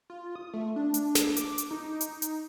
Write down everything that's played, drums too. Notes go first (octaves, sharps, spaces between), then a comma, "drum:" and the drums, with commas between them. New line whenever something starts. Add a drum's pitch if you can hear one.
F4
D#6
A3
D4
drum: hi-hat
drum: snare
D6, drum: hi-hat
drum: hi-hat
D#4
drum: hi-hat
drum: hi-hat